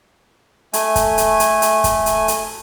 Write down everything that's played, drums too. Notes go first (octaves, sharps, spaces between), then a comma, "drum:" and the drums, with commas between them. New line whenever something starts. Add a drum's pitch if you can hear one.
A3 G#5, drum: hi-hat
drum: kick, hi-hat
drum: hi-hat
drum: hi-hat
drum: hi-hat
drum: kick, hi-hat
drum: hi-hat
drum: hi-hat